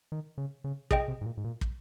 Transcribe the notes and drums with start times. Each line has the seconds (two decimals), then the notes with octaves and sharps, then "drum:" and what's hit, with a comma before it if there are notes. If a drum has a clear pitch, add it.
0.12 D#3
0.38 C#3
0.64 C#3
0.91 C3 G#4 D#5 G5, drum: kick
1.08 C3
1.21 G#2
1.26 A#2
1.37 G#2
1.44 A#2
1.61 drum: kick